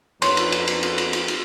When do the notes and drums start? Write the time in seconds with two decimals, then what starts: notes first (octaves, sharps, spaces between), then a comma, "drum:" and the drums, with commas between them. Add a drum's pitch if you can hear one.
0.22 F2 A#3 D4 B4 C#5 C6, drum: cymbal
0.37 drum: cymbal
0.52 drum: cymbal
0.67 drum: cymbal
0.83 drum: cymbal
0.98 drum: cymbal
1.13 drum: cymbal
1.28 drum: cymbal